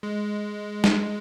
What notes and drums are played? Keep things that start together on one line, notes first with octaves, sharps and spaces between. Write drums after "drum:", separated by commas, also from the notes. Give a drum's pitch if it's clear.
G#3
drum: snare